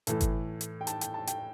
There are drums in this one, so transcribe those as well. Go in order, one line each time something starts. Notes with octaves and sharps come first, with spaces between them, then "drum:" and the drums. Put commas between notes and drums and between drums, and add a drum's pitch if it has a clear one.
A2 E3 A4, drum: hi-hat
drum: kick G1, hi-hat
drum: hi-hat
G5
A5, drum: hi-hat
G5, drum: hi-hat
A5
G5, drum: hi-hat